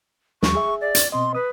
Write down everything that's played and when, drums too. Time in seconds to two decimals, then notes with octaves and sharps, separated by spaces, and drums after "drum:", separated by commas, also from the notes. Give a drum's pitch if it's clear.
0.42 D#2 G3 C#6, drum: snare
0.55 G#4 E5
0.81 D5
0.95 drum: hi-hat
1.12 B2 C4 D#5 C6
1.35 B4 D#6